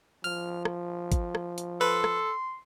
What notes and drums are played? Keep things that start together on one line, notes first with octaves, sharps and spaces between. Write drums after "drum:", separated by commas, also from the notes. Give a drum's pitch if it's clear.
F3 F6
drum: rim click
drum: kick G#1, hi-hat
drum: rim click
drum: hi-hat
A4 B4 C6
drum: rim click